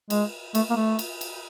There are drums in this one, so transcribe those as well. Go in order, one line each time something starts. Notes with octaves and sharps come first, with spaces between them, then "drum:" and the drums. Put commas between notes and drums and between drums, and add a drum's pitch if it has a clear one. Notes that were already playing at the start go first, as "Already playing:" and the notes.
G#3, drum: cymbal
A3, drum: cymbal
A#3
A3
drum: cymbal
drum: cymbal